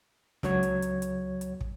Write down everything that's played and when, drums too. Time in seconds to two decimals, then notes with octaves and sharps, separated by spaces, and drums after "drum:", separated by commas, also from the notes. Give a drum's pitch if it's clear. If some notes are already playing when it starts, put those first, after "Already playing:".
0.43 C#2 F#3 C#5 G#6, drum: snare
0.63 drum: hi-hat
0.82 drum: hi-hat
1.02 drum: hi-hat
1.41 drum: hi-hat
1.61 drum: kick